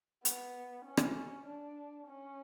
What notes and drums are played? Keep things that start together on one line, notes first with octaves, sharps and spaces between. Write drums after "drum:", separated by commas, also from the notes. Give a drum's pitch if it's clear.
B3, drum: hi-hat
C#4
drum: rim click
D4
C#4